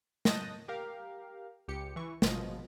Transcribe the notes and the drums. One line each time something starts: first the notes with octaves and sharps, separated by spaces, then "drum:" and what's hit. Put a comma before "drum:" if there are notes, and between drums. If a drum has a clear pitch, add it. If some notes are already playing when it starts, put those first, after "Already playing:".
D#5 A5 D#6 F#6 G6 A#6, drum: snare
G4 A#4 F5
C#2 G4 C#7
E3 C#6
G#1 B2 F3 D#5, drum: snare